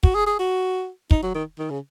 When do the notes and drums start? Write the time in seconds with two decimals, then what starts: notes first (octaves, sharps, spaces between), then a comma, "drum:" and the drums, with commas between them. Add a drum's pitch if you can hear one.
0.03 F#4, drum: kick
0.15 G#4
0.27 G#4
0.39 F#4
1.11 D#4, drum: kick
1.23 F#3
1.35 D#3
1.59 D#3
1.70 C#3